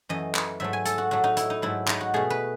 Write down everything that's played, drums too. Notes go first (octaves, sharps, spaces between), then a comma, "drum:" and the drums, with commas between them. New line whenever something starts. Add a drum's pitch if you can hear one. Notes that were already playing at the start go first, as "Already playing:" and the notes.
F#2 E3 A3 D#5
drum: clap
G#2 F#3 A3 E5
G#5
A4, drum: hi-hat
F#4
A2 F#3 A3 F#4
D#4
E4, drum: hi-hat
D#4
G#2 F#3 A3 E4
D#4, drum: clap
F#4
B2 A3 G#4
B4